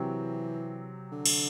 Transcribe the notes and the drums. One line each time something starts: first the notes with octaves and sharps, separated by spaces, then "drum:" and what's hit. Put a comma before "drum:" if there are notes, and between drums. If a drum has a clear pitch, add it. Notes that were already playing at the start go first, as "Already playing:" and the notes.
Already playing: C3 E3 F#3 C4 G4
D3
drum: cymbal